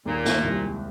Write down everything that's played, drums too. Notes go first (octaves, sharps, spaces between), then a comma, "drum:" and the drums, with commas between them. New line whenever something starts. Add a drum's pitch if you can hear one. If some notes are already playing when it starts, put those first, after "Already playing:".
D#2 A#2
D#2, drum: snare
C2
G#3